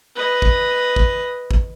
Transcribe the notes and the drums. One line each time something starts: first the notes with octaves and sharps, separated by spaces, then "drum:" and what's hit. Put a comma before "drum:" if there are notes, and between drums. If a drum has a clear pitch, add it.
B4 D#5
drum: kick
drum: kick
drum: kick